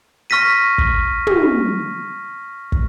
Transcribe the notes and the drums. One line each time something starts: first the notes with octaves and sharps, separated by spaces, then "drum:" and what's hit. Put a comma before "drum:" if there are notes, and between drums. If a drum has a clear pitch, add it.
C#6 F6 A#6 B6 D#7
drum: kick
drum: tom
drum: kick